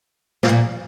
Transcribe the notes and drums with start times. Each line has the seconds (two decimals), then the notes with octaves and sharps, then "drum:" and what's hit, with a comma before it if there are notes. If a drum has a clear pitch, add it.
0.43 B2, drum: snare
0.49 A#2